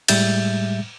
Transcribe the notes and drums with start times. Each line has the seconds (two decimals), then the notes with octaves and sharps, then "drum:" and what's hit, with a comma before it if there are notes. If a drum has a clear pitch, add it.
0.08 A2 G3 G#3 E5 G6 A6, drum: cymbal